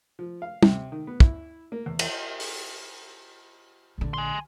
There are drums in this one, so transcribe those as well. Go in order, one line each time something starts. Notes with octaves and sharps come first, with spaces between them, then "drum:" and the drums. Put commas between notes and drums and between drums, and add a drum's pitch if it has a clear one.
F3
F5
C3, drum: tom
D#3
B3
E4, drum: kick
A#3
E2
drum: cymbal
drum: open hi-hat
A#1 D3
G#5 C6